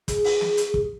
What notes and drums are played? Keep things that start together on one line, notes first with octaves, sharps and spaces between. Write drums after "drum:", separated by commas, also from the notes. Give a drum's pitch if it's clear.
G#4, drum: kick, hi-hat
drum: open hi-hat
drum: snare
drum: hi-hat
drum: kick